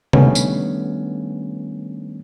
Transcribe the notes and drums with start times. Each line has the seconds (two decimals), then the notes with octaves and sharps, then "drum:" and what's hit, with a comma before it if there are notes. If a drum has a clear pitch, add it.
0.13 D#3 G3 A3 B3 C#4 D4, drum: tom C3
0.35 drum: tambourine